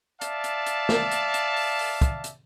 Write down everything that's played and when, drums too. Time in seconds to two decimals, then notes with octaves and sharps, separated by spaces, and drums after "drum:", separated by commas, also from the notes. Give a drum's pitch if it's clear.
0.21 D5 E5 F5 A5, drum: hi-hat
0.44 drum: hi-hat
0.66 drum: hi-hat
0.89 drum: snare
1.11 drum: hi-hat
1.34 drum: hi-hat
1.56 drum: open hi-hat
1.79 drum: open hi-hat
2.01 drum: kick, hi-hat
2.24 drum: hi-hat